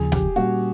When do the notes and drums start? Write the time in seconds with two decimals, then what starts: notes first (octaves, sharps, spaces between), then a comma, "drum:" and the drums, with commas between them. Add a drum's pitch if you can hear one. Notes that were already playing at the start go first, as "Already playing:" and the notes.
Already playing: D#2 C#3 F3 G#4
0.12 G4, drum: snare
0.36 A#2 G3 A#3 C#4 F#4